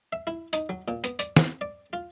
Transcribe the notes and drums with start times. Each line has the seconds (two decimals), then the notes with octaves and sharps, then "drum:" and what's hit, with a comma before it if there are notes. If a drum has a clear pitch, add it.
0.13 E5
0.27 E4
0.53 D#4, drum: hi-hat
0.69 F#3
0.88 A#2
1.04 B3, drum: hi-hat
1.19 D5, drum: hi-hat
1.37 C4, drum: snare
1.61 D5
1.93 F4